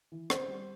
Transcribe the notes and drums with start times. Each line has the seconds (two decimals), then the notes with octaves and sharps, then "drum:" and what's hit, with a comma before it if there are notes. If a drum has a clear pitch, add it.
0.12 E3
0.30 C4 C5, drum: rim click
0.48 G3